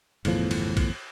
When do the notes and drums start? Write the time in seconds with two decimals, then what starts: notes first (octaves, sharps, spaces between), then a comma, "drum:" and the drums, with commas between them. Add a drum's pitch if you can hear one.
0.25 G1 E2 A2 F3, drum: cymbal
0.51 drum: cymbal
0.77 drum: kick, cymbal